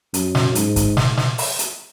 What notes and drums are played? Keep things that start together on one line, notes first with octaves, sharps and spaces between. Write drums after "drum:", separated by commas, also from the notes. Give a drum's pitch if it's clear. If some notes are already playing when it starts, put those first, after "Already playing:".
F#2, drum: hi-hat
drum: snare
G#2, drum: hi-hat
drum: kick, hi-hat
drum: snare
drum: snare
drum: open hi-hat
drum: hi-hat